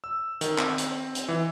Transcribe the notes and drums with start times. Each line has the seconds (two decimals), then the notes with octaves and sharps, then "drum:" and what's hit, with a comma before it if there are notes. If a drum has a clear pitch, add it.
0.04 E6
0.41 D#3, drum: hi-hat
0.58 C4, drum: clap
0.78 drum: hi-hat
1.15 drum: hi-hat
1.28 E3